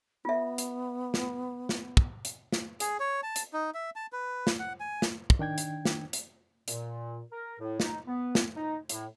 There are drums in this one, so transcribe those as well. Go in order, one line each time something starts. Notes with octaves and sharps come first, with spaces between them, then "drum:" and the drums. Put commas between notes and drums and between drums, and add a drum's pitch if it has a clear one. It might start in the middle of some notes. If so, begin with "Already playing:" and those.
B3 F4 E5
drum: hi-hat
drum: snare
drum: snare
drum: kick
drum: hi-hat
drum: snare
G#4, drum: hi-hat
C#5
A5
drum: hi-hat
D#4
E5
A5
B4
drum: snare
F#5
G#5
drum: snare
drum: kick
D#3 D4 G5 G#6
drum: hi-hat
drum: snare
drum: hi-hat
A#2, drum: hi-hat
A#4
A2
D#4, drum: snare
B3
drum: snare
D#4
A2, drum: hi-hat